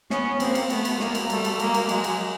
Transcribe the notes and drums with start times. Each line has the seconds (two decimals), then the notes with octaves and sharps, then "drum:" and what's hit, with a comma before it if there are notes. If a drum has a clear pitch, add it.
0.10 B3 C#4, drum: snare
0.40 A#3 C4, drum: cymbal
0.55 drum: cymbal
0.70 A3 B3, drum: cymbal
0.85 drum: cymbal
1.00 G#3 A#3, drum: snare
1.15 drum: cymbal
1.30 G3 A3, drum: cymbal
1.44 drum: cymbal
1.60 G#3 A#3, drum: cymbal
1.74 drum: cymbal
1.89 F#3 G#3, drum: cymbal
2.04 drum: cymbal